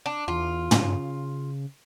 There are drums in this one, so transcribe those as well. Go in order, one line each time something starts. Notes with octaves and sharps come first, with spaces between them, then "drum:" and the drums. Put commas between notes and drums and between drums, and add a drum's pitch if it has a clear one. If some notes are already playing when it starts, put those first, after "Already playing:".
D4
E2 F4
C#3, drum: tom